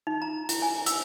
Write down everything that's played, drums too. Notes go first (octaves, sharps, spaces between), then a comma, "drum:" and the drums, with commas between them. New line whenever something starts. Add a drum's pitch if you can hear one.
D#4
A#5
E4, drum: hi-hat
G#5
E6, drum: hi-hat